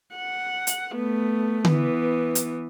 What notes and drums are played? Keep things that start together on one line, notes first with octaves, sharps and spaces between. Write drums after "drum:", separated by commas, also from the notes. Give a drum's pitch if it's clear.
F#5
drum: hi-hat
A3 B3
E3 B3, drum: tom D3
drum: hi-hat